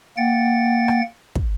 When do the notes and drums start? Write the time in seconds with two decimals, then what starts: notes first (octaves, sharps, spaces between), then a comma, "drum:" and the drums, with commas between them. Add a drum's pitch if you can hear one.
0.17 A#3 F#5 G5 A6
0.88 drum: rim click
1.35 drum: kick